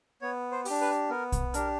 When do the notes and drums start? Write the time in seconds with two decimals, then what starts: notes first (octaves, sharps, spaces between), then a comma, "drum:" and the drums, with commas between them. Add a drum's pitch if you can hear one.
0.22 B3 C#5
0.52 C5
0.65 D4 G4, drum: open hi-hat
0.81 B4
1.10 B3 A#4
1.32 drum: kick, hi-hat
1.54 D4 G4 A#4, drum: hi-hat